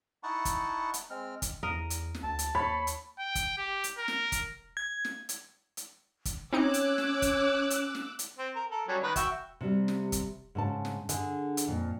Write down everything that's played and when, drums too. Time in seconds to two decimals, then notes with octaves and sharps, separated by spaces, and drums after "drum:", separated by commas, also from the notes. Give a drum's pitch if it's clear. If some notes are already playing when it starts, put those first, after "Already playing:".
0.23 D#4 E4 F#5 A5 C#6
0.45 drum: kick, hi-hat
0.94 drum: hi-hat
1.10 G#3 C4 F6
1.42 drum: kick, hi-hat
1.63 E2 A#4 D#5
1.90 drum: hi-hat
2.14 drum: snare
2.23 D2 A5
2.39 drum: hi-hat
2.55 D#2 C#5 B5
2.87 drum: hi-hat
3.19 G5
3.35 drum: kick, hi-hat
3.58 G4
3.84 drum: hi-hat
3.98 A#4
4.08 drum: snare
4.32 drum: kick, hi-hat
4.77 G#6
5.05 drum: snare
5.29 drum: hi-hat
5.77 drum: hi-hat
6.25 drum: kick, hi-hat
6.53 C4 C#4 D#4 C#5 D6 E6 F#6 C#7
6.74 drum: hi-hat
6.98 drum: snare
7.22 drum: kick, hi-hat
7.70 drum: hi-hat
7.95 drum: snare
8.19 drum: hi-hat
8.38 C4
8.55 A#4
8.71 A4 A#4
8.88 F#3 G3 C#4
9.03 D#3 B4
9.16 F#4 E5 G5, drum: kick, hi-hat
9.61 C3 G3
9.88 drum: snare
10.12 drum: kick, hi-hat
10.55 G#2 C#3 A5
10.85 drum: snare
11.09 D3 G#4 G#5, drum: hi-hat
11.57 drum: hi-hat
11.67 F2 A#2